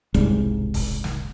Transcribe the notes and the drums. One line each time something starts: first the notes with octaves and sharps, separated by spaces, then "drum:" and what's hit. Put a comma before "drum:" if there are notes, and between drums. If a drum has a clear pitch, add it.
E1 C2 G#2 G3, drum: hi-hat
drum: kick, open hi-hat
drum: snare